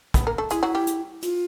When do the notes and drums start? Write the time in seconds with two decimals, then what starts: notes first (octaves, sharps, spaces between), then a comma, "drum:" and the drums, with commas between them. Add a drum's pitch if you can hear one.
0.14 B3 B4, drum: kick, hi-hat
0.27 A#3 A#4
0.38 A3 A4
0.50 G#3 E4 G#4, drum: hi-hat
0.63 F#3 F#4
0.75 G3 G4
0.87 drum: hi-hat
1.22 F4, drum: hi-hat